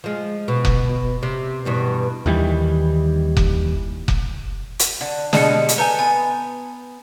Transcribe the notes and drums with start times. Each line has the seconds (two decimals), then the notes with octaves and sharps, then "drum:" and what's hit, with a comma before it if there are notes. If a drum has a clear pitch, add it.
0.04 F3 G#3
0.48 B2
0.65 drum: kick F1
1.23 C3
1.65 E2 G2 B2
2.26 D#2 D#3 E3 G3
3.37 drum: kick F1
4.08 drum: kick F1
4.79 drum: hi-hat
5.01 D3
5.33 B2 G3 G#3 A5 C#7, drum: snare
5.69 drum: hi-hat
5.78 A4 B4 G#5 A#5 G6
5.99 B3 G#5